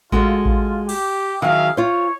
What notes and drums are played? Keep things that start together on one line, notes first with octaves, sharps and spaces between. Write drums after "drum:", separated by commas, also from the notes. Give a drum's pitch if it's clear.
G#3 F4 F#4 A4, drum: kick A1
F4, drum: kick A1
G4, drum: cymbal
D#3 F#3 G#4 E5 F5
F4 C5 C#5